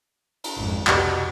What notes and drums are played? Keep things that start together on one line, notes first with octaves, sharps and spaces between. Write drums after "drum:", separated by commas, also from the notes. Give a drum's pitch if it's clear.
drum: cymbal
G#1 F2
C2 B2 G3 A5, drum: clap